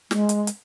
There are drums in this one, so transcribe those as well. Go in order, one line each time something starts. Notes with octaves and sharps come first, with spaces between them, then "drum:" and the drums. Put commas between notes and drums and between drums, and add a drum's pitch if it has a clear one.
G#3, drum: snare
drum: hi-hat
drum: hi-hat